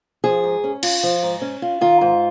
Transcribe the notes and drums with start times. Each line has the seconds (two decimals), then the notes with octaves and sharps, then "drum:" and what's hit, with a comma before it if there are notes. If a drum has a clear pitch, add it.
0.24 F3 G#4
0.44 G#2
0.64 C#4
0.83 F4, drum: cymbal
1.03 F3
1.23 G#2
1.42 C#4
1.62 F4
1.81 D#3 F4
2.01 G#2